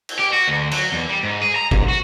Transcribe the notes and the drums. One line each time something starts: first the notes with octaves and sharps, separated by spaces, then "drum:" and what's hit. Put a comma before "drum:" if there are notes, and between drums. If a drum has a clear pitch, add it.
drum: cymbal
G4
F#4
D2
F#3, drum: cymbal
E2
G3
G#2
G#4
A#5
G#2, drum: kick
F#4